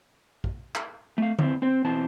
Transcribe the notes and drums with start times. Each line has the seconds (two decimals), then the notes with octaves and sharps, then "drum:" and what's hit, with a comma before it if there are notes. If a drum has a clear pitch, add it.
0.44 drum: kick
0.75 drum: clap
1.18 A3 F5
1.39 E2 E3 C4, drum: tom D3
1.62 C4 C5
1.84 B2 E3 C4 A5